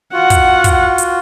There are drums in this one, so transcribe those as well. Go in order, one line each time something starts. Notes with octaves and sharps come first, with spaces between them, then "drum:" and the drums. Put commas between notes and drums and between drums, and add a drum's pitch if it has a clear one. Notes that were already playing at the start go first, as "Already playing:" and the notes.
F4 F#4 F#5
drum: kick, hi-hat
drum: kick, hi-hat
drum: hi-hat